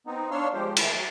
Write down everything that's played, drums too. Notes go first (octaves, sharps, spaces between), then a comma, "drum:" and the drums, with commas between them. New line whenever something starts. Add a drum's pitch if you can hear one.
B3 C4 D#4
D4 C#5 F5 C6 E6 F6
F3 G#3 G4 C5
D#3 E3 A3 E4, drum: cymbal
F#3